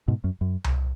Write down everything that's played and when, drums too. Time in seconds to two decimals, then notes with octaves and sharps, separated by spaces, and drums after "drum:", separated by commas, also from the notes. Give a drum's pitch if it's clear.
0.08 G#2 B2
0.24 F#2
0.41 F#2
0.64 drum: tom C2